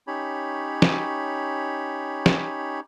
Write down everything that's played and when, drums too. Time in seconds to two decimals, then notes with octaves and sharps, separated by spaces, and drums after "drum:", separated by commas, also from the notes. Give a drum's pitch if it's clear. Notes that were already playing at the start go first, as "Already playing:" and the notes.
0.07 C#4 D#4 G4 C#5 B5
0.82 drum: snare
2.26 drum: snare